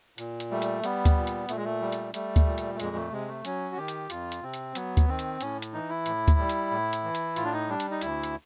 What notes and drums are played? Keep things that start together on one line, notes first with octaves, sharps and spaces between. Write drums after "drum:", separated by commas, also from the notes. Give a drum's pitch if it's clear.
A#2, drum: hi-hat
drum: hi-hat
G3 A3
drum: hi-hat
G3 B3, drum: hi-hat
drum: kick D2, hi-hat
A#2
drum: hi-hat
A#2 A3, drum: hi-hat
G#3
A3
G3
drum: hi-hat
G3 A3, drum: hi-hat
drum: kick D2, hi-hat
A#2
drum: hi-hat
A3
F2 G#3, drum: hi-hat
A3
C3 G#3
A3
F#3 C#4, drum: hi-hat
F#4
D#3 G4
drum: hi-hat
F2 F4, drum: hi-hat
drum: hi-hat
C3 C4
drum: hi-hat
F#3 B3, drum: hi-hat
drum: kick D2, hi-hat
D#3 C4
drum: hi-hat
A2 C#4, drum: hi-hat
drum: hi-hat
E3 D#4
E4
A2, drum: hi-hat
drum: kick D2, hi-hat
G3
drum: hi-hat
A2
drum: hi-hat
E3
drum: hi-hat
A2 F4, drum: hi-hat
D4
D#4
G3 D4
drum: hi-hat
D#4
D2 E4, drum: hi-hat
drum: hi-hat